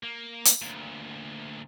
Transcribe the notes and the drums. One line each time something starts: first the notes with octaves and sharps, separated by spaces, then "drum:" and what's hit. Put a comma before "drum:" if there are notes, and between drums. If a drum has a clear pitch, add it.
A#3
drum: hi-hat
D2 A#2